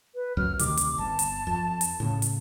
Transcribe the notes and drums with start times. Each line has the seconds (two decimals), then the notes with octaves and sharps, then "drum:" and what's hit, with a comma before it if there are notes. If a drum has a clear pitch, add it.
0.15 B4
0.37 C#2 F#2 F#3 F6
0.59 D2 C3 D#3 D6, drum: hi-hat
0.77 drum: hi-hat
0.98 G1 A5
1.19 drum: hi-hat
1.47 F2
1.81 drum: hi-hat
2.00 A2 C#3
2.22 drum: hi-hat